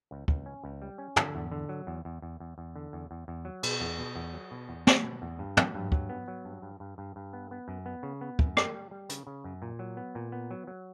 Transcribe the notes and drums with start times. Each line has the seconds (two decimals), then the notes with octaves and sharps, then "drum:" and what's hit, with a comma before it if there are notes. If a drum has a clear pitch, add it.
0.11 C#2
0.28 C#2, drum: kick
0.46 C#4
0.64 C#2
0.82 G3
0.98 C#4
1.16 D3, drum: tom
1.35 E2
1.52 D3
1.69 F#3
1.87 E2
2.05 E2
2.22 E2
2.40 E2
2.58 E2
2.76 D3
2.93 E2
3.11 E2
3.28 E2
3.45 F#3
3.63 B2, drum: cymbal
3.80 E2
3.99 B2
4.16 E2
4.33 F#3
4.51 B2
4.69 E2
4.87 F#3, drum: snare
5.04 B2
5.22 E2
5.39 G2
5.57 F#3, drum: tom
5.74 G2
5.92 F#3, drum: kick
6.09 B3
6.28 F#3
6.45 G2
6.62 G2
6.80 G2
6.98 G2
7.16 G2
7.33 B3
7.51 B3
7.68 F#2
7.86 B3
8.03 C#3
8.21 B3
8.39 F#2, drum: kick
8.57 G3, drum: rim click
8.74 G3
8.91 G3
9.09 C#3, drum: hi-hat
9.27 C#3
9.44 F#2
9.62 A#2
9.79 F#3
9.97 B3
10.15 A#2
10.32 B3
10.51 F#3
10.67 F#3